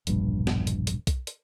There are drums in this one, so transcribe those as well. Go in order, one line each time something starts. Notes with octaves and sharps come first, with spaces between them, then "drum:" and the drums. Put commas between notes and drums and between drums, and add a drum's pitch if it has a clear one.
E1 A#1 G2, drum: hi-hat
drum: snare
drum: hi-hat
drum: hi-hat
drum: kick B1, hi-hat
drum: hi-hat